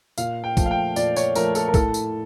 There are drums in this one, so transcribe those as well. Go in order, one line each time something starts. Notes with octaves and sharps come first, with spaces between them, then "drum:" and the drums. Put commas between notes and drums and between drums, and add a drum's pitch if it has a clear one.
A#2 F5, drum: tambourine
G5
F3 A3, drum: kick, tambourine
F5
G5
A#2 D5, drum: tambourine
C#5, drum: tambourine
F3 A3 A#4, drum: tambourine
A4, drum: tambourine
A#4
A2 A4, drum: kick, tambourine
drum: tambourine